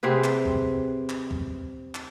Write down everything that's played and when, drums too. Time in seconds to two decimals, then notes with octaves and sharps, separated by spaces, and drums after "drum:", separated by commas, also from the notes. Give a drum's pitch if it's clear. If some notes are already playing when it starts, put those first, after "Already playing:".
0.03 C3 C4 G#4 B4
0.24 drum: clap
0.45 drum: kick
1.09 drum: clap
1.31 drum: kick
1.95 drum: clap